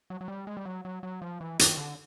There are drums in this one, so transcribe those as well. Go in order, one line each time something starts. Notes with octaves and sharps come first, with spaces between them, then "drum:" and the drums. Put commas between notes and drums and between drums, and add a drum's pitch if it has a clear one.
F#3
F#3
G3
G#3
G3
F#3
F#3
F#3
F3
E3
D#3, drum: hi-hat
D3